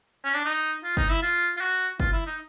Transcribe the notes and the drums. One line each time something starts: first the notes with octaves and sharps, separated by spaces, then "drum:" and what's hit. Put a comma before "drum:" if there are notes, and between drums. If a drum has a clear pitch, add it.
C#4
D4
D#4
F4
D#4, drum: kick
E4
F4
F4
F#4
F4, drum: kick
E4
D#4